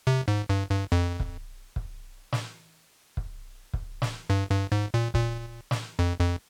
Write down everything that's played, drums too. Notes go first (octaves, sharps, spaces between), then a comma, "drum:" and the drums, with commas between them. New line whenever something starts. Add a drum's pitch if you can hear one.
C3
G#2
G2
G2
F2
drum: kick
drum: kick
drum: snare
drum: kick
drum: kick
drum: snare
G2
G2
G#2
A#2
A#2, drum: kick
drum: snare
F2
F2